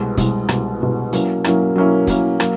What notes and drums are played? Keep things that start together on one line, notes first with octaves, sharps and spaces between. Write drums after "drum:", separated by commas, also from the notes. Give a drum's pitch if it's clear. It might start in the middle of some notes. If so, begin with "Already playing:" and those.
Already playing: C2 B2 G#3
C2 B2 G#3, drum: kick, hi-hat
C2 B2 G#3, drum: rim click
C2 B2 G#3
F#3 A#3 C#4 E4, drum: hi-hat
F#3 A#3 C#4 E4, drum: rim click
F#3 A#3 C#4 E4
F#3 A#3 C#4 E4, drum: kick, hi-hat
F#3 A#3, drum: rim click